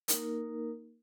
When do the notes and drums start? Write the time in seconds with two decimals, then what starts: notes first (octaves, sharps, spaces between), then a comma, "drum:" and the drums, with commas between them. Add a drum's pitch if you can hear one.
0.08 A#3 D#4 A#4, drum: hi-hat